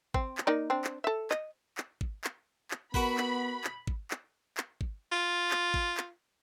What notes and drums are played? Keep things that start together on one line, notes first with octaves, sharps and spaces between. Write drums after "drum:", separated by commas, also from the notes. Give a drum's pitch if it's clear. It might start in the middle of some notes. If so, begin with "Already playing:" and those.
C4, drum: kick
drum: clap
A#3 D#4 D5
C4 D4
drum: clap
A4 E5
D#5, drum: clap
drum: clap
drum: kick
drum: clap
drum: clap
B3 F#4 A#4 B4 B5, drum: kick
drum: clap
drum: clap
drum: kick
drum: clap
drum: clap
drum: kick
F4
drum: clap
drum: kick
drum: clap